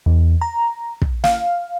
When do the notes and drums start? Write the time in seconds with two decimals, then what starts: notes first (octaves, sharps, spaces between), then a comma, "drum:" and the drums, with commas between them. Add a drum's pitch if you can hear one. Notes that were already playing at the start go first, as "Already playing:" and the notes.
0.06 E2
0.41 A#5
1.02 drum: kick
1.24 F5, drum: snare